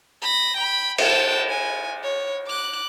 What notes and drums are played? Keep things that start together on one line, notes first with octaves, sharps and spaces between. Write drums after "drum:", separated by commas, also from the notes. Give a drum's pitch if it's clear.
B5 A#6
G5 B5
G5 A5, drum: cymbal
G#5
C#5
D6 F#6